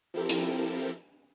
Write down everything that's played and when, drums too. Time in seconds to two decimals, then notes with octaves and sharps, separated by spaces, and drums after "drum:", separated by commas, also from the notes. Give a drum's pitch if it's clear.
0.14 F3 C4 E4 G4 A4 A#4
0.29 drum: hi-hat